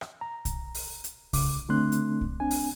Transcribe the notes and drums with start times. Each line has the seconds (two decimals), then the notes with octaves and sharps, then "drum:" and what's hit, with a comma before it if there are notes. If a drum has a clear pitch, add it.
0.01 drum: rim click
0.21 A#5
0.45 drum: kick B1, hi-hat
0.74 drum: open hi-hat
1.04 drum: hi-hat
1.33 C#2 C#3 D6, drum: kick B1, open hi-hat
1.69 D3 A3 C4 D4 C6 F#6
1.92 drum: hi-hat
2.21 drum: kick B1
2.40 C4 D4 G#5
2.51 drum: open hi-hat